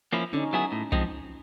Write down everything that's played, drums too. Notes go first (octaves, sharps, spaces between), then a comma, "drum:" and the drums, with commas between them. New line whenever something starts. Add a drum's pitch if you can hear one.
F3 A#3 C#4 E4
D3 C#4 D#4
F#3 B3 E4 G#4
A2
F3 G#3 C4 D#4, drum: kick